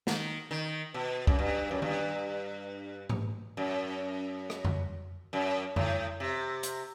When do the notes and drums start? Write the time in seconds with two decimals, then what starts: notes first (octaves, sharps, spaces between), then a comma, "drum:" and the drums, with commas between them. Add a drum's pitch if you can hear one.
0.07 D#3, drum: snare
0.51 D#3
0.94 B2
1.27 F#2, drum: kick
1.39 G2
1.71 F#2
1.82 G2, drum: tom D#3
3.09 drum: tom G#2
3.57 F#2
4.50 drum: rim click
4.65 drum: tom F2
5.33 F#2
5.76 A2, drum: tom F2
6.20 C3
6.63 drum: hi-hat